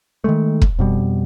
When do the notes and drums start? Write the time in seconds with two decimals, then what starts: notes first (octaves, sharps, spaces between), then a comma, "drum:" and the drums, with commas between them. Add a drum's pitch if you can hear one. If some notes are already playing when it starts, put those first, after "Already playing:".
0.24 D#3 E3 G#3 A3
0.62 drum: kick
0.79 F2 B2 G3